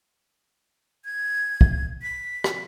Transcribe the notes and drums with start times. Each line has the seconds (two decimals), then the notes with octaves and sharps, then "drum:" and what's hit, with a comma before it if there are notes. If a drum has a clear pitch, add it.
1.05 G#6
1.61 drum: kick
2.02 B6
2.44 drum: rim click